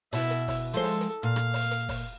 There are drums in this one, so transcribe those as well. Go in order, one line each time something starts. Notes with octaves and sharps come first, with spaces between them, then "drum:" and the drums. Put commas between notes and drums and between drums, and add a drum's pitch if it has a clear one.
B2 E4 E5, drum: open hi-hat
drum: hi-hat
drum: kick, open hi-hat
F3 G#3 A4 C5
drum: open hi-hat
drum: hi-hat
A#2 F5
drum: rim click
drum: open hi-hat
drum: hi-hat
drum: kick, open hi-hat